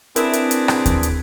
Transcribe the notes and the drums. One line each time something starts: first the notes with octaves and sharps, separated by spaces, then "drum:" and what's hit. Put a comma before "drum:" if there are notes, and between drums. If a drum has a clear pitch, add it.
C4 D4 E4 G#4 A#4 B4 E7, drum: hi-hat
drum: hi-hat
drum: hi-hat
drum: rim click
drum: kick D#2, hi-hat
drum: hi-hat